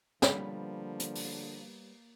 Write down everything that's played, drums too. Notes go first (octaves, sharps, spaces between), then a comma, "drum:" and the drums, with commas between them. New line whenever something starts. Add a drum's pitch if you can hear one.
D3 F3 G3 A#3 B3, drum: snare
drum: hi-hat
drum: open hi-hat